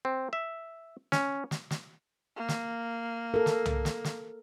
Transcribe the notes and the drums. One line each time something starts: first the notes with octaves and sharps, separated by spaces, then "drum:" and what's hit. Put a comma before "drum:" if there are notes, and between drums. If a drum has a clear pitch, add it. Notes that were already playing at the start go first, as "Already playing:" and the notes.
C4
E5
C#4, drum: snare
drum: snare
drum: snare
A#3
drum: snare
A4 A#4
drum: snare
drum: tom C2
drum: snare
drum: snare